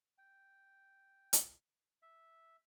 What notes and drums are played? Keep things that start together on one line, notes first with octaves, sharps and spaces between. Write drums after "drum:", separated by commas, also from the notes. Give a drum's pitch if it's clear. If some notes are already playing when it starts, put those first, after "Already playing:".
G5
drum: hi-hat
E5